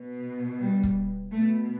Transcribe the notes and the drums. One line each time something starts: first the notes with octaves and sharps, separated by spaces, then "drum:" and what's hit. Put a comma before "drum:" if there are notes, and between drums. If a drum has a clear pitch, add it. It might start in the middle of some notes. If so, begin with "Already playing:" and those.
Already playing: B2
G3
drum: kick
B2 A3